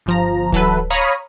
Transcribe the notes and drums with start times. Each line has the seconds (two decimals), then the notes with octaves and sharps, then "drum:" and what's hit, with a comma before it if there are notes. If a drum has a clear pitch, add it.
0.06 G1 F3 A#5
0.52 E3 F#3 A4 B4, drum: kick D1
0.90 C#5 F5 A#5 B5 D#6